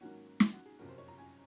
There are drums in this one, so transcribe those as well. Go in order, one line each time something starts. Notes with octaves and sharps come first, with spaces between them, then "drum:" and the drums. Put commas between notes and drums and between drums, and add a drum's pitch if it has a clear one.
G#2 D#3 F#3 A#3 C#4 F#4
drum: snare
F#4
G#4
F#1 F2 C3 F#3 C#4 A#4
C5
C#5
A#5
G#5